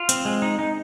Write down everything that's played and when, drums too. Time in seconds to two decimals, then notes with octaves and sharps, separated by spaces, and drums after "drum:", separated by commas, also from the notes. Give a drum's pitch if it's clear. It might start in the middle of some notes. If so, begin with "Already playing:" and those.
Already playing: F4
0.09 C4, drum: hi-hat
0.25 G#3
0.42 D#4
0.59 D#4